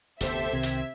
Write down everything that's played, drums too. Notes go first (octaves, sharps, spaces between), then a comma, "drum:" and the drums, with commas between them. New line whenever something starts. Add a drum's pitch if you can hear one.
F1 D2 B3 G4 A4 C5 E5, drum: hi-hat
C2 C3 D#3 C4 G#6
drum: hi-hat